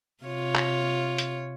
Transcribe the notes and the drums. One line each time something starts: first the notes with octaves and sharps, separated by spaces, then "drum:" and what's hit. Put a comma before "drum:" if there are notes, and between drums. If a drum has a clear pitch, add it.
C3 F4 C#5
drum: clap
drum: hi-hat